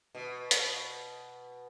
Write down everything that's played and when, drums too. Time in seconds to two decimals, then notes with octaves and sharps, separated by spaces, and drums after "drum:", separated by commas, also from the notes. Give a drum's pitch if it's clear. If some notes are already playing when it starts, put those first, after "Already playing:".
0.15 B2
0.51 drum: hi-hat